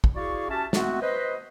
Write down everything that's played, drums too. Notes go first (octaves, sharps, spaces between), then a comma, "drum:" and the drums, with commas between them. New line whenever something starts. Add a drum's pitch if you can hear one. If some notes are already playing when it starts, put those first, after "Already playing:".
drum: kick
E4 F#4 G#4 D5 F5 C#6
C#4 F#4 G4 E5 A5
G#3 A3 B3 C4 F#4, drum: snare
B4 C5 D#5